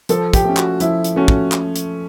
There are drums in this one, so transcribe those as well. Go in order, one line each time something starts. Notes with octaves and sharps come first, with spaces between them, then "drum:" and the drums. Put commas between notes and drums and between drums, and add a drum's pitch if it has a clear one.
F3 A4, drum: hi-hat
G4, drum: kick, hi-hat
A3 C#4
F#4, drum: clap
F3 E4, drum: hi-hat
drum: hi-hat
A3 C#4 F#4
drum: kick
drum: clap
drum: hi-hat